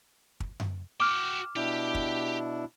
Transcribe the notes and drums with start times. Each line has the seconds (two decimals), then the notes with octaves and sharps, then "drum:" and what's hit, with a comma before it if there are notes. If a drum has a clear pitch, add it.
0.40 drum: kick
0.60 drum: tom F#2
1.00 F#4 G5 D6 F6
1.56 B2 D4 E4 G4
1.95 drum: kick